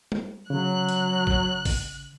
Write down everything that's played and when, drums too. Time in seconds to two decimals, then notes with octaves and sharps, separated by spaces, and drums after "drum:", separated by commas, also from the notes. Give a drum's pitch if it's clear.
0.12 drum: tom
0.50 C#3 F#3 F#6
0.89 drum: hi-hat
1.27 drum: kick G#1
1.65 drum: kick G#1, open hi-hat